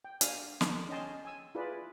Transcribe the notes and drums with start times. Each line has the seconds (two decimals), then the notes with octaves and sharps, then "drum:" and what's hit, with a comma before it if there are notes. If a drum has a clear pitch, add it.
0.05 G5
0.21 D4 F5 G#5, drum: hi-hat
0.61 D#6, drum: snare
0.89 C#4 D#5 G5 A5 C6
1.25 G#5 E6
1.55 E4 F4 G#4 B4 D5